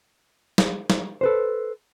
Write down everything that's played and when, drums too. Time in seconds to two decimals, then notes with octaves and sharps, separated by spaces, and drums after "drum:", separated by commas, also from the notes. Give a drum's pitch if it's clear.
0.58 drum: snare
0.90 drum: snare
1.21 A4 B4 C5